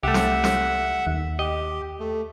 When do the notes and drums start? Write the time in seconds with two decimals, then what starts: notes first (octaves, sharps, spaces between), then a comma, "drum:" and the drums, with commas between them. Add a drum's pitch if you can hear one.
0.03 C2 A3 G4 E5 F#5
0.14 drum: snare
0.44 drum: snare
1.07 D#2
1.39 G4 D#5
2.00 A3